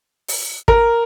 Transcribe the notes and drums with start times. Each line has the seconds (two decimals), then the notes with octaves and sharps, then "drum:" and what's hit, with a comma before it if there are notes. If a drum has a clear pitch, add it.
0.28 drum: open hi-hat
0.68 A#4, drum: kick